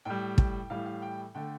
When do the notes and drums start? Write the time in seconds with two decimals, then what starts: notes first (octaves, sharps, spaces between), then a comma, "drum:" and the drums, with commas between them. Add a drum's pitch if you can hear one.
0.05 A2 G3 G5
0.38 G5, drum: kick
0.70 A2 E3 G3 F5
0.86 F5
1.02 G5
1.35 D3 A3 G5